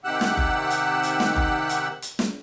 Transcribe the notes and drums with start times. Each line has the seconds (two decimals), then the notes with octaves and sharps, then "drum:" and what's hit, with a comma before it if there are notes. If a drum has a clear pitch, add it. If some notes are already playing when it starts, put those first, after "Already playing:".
0.04 C3 D#3 G4 F#5 E6 F#6
0.21 drum: snare
0.37 drum: kick F#1
0.70 drum: hi-hat
1.03 drum: hi-hat
1.20 drum: snare
1.36 drum: kick F#1
1.69 drum: hi-hat
2.02 drum: hi-hat
2.19 drum: snare